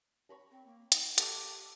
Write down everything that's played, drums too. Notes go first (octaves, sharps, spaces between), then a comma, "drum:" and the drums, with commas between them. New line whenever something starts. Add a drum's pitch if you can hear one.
A#5 B5 C#6
C4
A#3
D#4, drum: hi-hat
G4 A4, drum: hi-hat